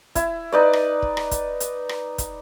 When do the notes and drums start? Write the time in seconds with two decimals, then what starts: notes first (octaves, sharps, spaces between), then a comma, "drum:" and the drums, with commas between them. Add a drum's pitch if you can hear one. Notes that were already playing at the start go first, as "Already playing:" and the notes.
0.15 E4, drum: kick, hi-hat
0.52 D#4 B4 D5
0.73 drum: rim click
1.02 drum: kick
1.17 drum: rim click
1.31 drum: kick, hi-hat
1.60 drum: hi-hat
1.89 drum: rim click
2.18 drum: kick, hi-hat